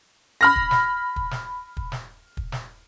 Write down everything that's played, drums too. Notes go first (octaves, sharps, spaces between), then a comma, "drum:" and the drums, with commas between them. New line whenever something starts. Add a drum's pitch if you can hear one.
B5 F6 A#6
drum: kick
drum: snare
drum: kick
drum: snare
drum: kick
drum: snare
drum: kick
drum: snare